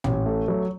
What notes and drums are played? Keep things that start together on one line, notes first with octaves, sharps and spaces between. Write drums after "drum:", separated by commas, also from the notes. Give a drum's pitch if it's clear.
A1, drum: tom
A3
F#3